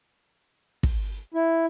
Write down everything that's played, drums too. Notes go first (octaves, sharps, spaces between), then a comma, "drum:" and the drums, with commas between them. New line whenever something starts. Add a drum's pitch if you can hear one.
drum: kick
E4